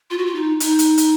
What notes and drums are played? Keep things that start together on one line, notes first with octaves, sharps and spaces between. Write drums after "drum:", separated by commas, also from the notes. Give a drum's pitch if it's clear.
F4
F#4
F4
D#4
D#4, drum: hi-hat
drum: hi-hat
drum: hi-hat